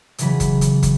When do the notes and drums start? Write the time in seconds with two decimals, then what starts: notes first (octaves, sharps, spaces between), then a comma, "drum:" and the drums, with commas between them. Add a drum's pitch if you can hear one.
0.18 E1 C#3 E3 F#3 B5, drum: hi-hat
0.40 drum: kick, hi-hat
0.61 drum: hi-hat
0.83 drum: kick, hi-hat